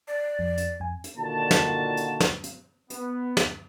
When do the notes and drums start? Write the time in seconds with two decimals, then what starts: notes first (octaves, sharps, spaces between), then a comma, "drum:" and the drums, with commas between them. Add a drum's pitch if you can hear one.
0.08 D5
0.39 F2
0.58 drum: hi-hat
0.80 F2 G#5
1.04 drum: hi-hat
1.17 A#2 D3 D#3 F4 F#4 A5
1.51 drum: snare
1.97 drum: hi-hat
2.20 drum: snare
2.44 drum: hi-hat
2.90 B3, drum: hi-hat
3.37 drum: snare